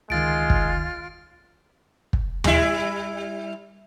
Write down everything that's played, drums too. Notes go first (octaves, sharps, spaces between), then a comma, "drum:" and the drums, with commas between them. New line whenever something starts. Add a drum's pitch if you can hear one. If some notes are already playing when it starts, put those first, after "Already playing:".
C#2 D#3 G#3 F4 A6 D7
drum: kick
drum: kick
G3 E4, drum: tom D#2